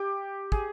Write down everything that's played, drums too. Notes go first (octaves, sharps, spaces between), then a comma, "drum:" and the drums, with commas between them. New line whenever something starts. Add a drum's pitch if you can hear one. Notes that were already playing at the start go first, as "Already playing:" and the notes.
Already playing: G4
G#4, drum: kick